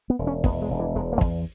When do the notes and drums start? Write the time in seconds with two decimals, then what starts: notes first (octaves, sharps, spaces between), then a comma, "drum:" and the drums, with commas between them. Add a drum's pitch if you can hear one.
0.10 B3
0.19 E1
0.27 C#4
0.44 E1 B3, drum: kick
0.62 G#3
0.70 E1
0.79 E3
0.96 E1 G#3
1.13 A#3
1.21 E2, drum: kick